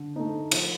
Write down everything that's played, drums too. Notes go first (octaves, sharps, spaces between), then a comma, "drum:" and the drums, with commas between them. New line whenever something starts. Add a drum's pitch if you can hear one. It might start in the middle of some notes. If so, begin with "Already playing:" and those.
Already playing: D3
A3 D#4
F3, drum: cymbal